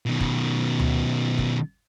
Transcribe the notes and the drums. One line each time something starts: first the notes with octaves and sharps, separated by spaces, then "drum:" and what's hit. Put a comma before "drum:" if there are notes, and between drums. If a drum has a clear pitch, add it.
B2 D#3
drum: kick
drum: tom D2
drum: kick